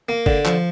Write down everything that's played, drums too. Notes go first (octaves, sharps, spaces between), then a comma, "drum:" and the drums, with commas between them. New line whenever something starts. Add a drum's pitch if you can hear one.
A#3
D3, drum: kick
F3, drum: clap